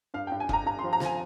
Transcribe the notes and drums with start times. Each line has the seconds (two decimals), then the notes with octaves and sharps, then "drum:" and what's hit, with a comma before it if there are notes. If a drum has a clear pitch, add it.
0.14 G2 F5
0.27 G5
0.32 G2
0.40 G#5
0.49 G2 A#5, drum: kick F#1
0.66 G2 A#5
0.79 C6
0.84 F3
0.93 A#5
1.00 F3, drum: snare
1.05 G#5